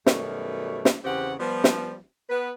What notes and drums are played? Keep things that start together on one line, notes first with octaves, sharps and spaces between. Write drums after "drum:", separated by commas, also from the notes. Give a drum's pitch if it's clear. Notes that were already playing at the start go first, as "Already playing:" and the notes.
F#2 B2 D#3 G3 A3 C#5, drum: snare
drum: snare
E2 C#3 B3 C4 G4 F#5
F3 G3 B3
drum: snare
B3 B4